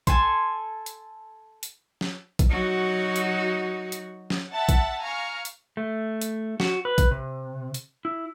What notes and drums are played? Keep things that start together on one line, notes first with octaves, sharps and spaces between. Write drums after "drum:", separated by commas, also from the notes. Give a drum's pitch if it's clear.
A4 G#5 A5 C6, drum: kick A#1, hi-hat
drum: hi-hat
drum: hi-hat
drum: snare
drum: kick A#1, hi-hat
F#3 D#4 F#4
drum: hi-hat
drum: hi-hat
drum: snare
E5 F#5 A5 A6
drum: kick A#1, hi-hat
F5 G#5 A#5 C#6 F6
drum: hi-hat
A3
drum: hi-hat
F#4, drum: snare
B4
drum: kick A#1, hi-hat
C3
drum: hi-hat
E4